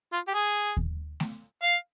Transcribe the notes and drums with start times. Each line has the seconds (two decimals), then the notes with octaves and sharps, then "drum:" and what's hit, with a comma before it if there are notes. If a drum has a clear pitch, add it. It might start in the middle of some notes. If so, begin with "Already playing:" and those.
0.13 F4
0.28 G4
0.34 G#4
0.77 drum: kick D#2
1.20 drum: snare A3
1.63 F5